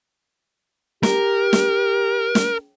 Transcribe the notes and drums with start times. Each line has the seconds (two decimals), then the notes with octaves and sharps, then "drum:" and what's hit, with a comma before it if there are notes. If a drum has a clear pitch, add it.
1.03 G4 A#4, drum: snare
1.53 drum: snare
2.35 drum: snare